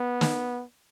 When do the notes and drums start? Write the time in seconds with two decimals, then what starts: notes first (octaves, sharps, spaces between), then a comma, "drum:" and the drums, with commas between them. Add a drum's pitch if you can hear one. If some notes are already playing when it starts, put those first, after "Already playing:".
Already playing: B3
0.21 drum: snare